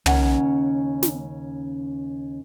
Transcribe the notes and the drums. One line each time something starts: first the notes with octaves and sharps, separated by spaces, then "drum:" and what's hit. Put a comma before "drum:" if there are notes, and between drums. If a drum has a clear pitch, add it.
D#2 C#3 C#4 F#5 G#5, drum: tom
drum: snare